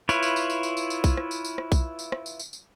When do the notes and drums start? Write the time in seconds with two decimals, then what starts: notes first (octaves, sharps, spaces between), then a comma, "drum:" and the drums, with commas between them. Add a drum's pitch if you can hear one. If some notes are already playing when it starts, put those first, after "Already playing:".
0.09 E4 F4 B4 C#5, drum: tambourine
0.23 drum: tambourine
0.36 drum: tambourine
0.50 drum: tambourine
0.63 drum: tambourine
0.77 drum: tambourine
0.90 drum: tambourine
1.04 drum: kick B1, tambourine
1.17 drum: rim click
1.31 drum: tambourine
1.45 drum: tambourine
1.58 drum: rim click
1.72 drum: kick B1, tambourine
1.99 drum: tambourine
2.12 drum: rim click
2.26 drum: tambourine
2.39 drum: tambourine
2.53 drum: tambourine